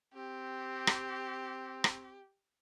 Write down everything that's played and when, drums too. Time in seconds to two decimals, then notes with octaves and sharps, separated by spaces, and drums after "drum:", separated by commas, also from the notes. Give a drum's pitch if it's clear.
0.15 C4 G4
0.87 drum: rim click
1.84 drum: rim click